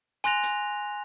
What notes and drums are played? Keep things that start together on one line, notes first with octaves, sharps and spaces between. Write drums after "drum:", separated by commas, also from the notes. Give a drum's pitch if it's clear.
G#5 C6 F#6 A#6 F7, drum: hi-hat
drum: hi-hat